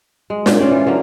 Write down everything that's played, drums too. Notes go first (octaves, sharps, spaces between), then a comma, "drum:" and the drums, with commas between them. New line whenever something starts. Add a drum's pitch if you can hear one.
G#3
A#2 C#3, drum: snare
C#4 C5 D5 G5
E3 F4
D3 F#3 A#3